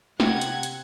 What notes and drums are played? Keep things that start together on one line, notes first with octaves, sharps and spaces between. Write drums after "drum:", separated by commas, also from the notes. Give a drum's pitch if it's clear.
C3 F#5 G5 G#6, drum: snare
drum: hi-hat
drum: hi-hat